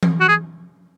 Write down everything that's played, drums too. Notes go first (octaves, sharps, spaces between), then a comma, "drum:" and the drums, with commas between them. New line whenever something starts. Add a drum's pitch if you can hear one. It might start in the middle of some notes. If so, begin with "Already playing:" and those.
drum: tom E3
F#4
G#4